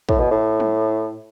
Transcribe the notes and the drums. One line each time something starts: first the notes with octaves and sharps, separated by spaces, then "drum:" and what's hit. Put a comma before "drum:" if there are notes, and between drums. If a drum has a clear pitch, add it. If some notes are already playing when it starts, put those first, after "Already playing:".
A2, drum: kick
B2
A2
drum: tom